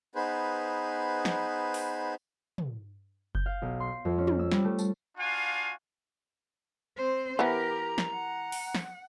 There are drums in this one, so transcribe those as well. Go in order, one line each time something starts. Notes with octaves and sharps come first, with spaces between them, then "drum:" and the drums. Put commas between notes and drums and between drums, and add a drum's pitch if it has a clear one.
B3 D#4 G#4 B4 C5
drum: snare
drum: open hi-hat
drum: tom
G6, drum: kick F#1
F5
B1
C6
F2
C#4
drum: tom
E6
G3, drum: snare
A3
A5, drum: tambourine
D4 F4 F#4 F5 G#5
C4 C5
E3 B3 G4 A#4 A#5
drum: snare
F#5
drum: open hi-hat
drum: snare